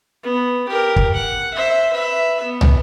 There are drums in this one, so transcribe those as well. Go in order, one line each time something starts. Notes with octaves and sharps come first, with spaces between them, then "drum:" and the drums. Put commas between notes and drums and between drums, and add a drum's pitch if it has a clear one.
B3
G4 A#4
drum: kick
F#5
C5 E5
B4 E5
B3
drum: tom